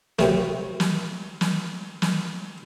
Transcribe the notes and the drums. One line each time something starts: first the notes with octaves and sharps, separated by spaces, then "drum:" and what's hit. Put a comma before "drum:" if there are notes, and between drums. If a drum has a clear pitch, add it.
F#2 C3 A3, drum: snare
drum: snare
drum: snare
drum: snare